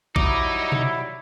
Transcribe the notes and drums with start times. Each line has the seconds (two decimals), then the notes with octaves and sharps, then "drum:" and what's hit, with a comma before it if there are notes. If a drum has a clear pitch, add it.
0.16 F#3 G3 D#4 E4 D6, drum: kick A1
0.72 drum: tom B2